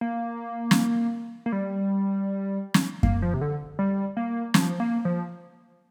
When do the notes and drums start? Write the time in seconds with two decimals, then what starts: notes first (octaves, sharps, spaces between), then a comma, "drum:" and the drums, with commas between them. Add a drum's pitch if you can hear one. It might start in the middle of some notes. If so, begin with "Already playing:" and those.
0.01 A#3
0.71 drum: snare
1.46 A#3
1.52 G3
2.74 drum: snare
3.03 A#3, drum: kick F#2
3.22 F3
3.34 C3
3.41 D3
3.79 G3
4.17 A#3
4.54 F3, drum: snare
4.80 A#3
5.05 F3